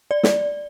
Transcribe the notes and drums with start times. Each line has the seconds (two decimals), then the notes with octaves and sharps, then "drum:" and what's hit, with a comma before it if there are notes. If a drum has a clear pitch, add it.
0.11 D5
0.23 drum: snare